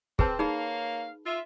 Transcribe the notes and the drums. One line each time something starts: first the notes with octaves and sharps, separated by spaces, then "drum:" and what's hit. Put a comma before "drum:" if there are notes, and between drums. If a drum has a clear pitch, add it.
C4 G#4 B4 A5, drum: kick
A#3 D#4 G#4 C#5 F5 B5
F4 E5